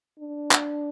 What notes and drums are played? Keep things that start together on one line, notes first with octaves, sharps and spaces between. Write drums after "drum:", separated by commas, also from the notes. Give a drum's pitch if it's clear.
D4
drum: clap